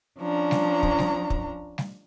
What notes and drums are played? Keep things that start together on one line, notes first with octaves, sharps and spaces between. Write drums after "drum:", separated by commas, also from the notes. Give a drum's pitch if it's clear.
F3 C#4 D4 A#5
drum: snare
drum: kick
drum: snare
drum: kick
drum: snare